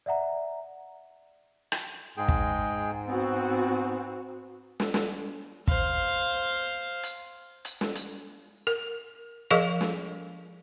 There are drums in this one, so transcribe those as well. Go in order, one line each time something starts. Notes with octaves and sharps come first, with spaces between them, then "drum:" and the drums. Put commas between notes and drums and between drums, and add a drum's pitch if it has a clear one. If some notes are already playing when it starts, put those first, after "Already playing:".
D5 E5 F#5 A#5
drum: rim click
G#2 G#3 G#4 G5
drum: kick
B3 C4 F#4
drum: snare
drum: snare
C5 F5, drum: kick
drum: hi-hat
drum: hi-hat
drum: snare
drum: hi-hat
A#4
F3 G#4 A#4 D#5 F5 C#6
drum: snare